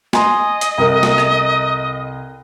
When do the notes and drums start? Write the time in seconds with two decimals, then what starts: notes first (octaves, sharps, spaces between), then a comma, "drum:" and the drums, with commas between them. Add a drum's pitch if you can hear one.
0.13 D#5 G#5 C6, drum: snare
0.61 drum: hi-hat
0.78 C2 A4 A#4
1.03 drum: snare
1.18 drum: rim click